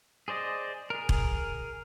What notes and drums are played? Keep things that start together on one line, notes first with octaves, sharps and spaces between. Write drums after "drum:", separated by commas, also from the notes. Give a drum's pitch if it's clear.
G#4 C5 D5 D#5
G#4 A#4
drum: kick E1